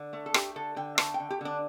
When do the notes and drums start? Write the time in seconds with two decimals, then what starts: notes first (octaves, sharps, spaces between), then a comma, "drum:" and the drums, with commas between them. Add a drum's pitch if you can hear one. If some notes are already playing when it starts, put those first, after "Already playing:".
Already playing: D3
0.13 A3
0.26 A4
0.34 A3 G4, drum: rim click
0.56 D3 A4
0.76 D3 G5
0.98 A3 A5, drum: rim click
1.14 G5
1.20 D3
1.30 G4
1.41 D3 D4